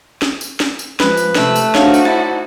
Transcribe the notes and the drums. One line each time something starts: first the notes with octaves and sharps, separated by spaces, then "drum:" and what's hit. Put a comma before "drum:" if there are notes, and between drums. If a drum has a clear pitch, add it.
drum: snare C#4
drum: tambourine
drum: snare C#4
drum: tambourine
F3 G#3 B4, drum: snare C#4
drum: tambourine
C3 A3 E6 F#6, drum: snare C#4
drum: tambourine
D4 D#4 F#4 C5 C#5 F5, drum: snare C#4
drum: tambourine
E4 D5 A5